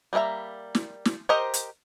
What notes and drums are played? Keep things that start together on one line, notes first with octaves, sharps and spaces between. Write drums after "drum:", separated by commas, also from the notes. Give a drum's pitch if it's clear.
G3 A#3 A#4 E5 A#5
drum: snare
drum: snare
G4 A#4 C5 D#5 A#5
drum: hi-hat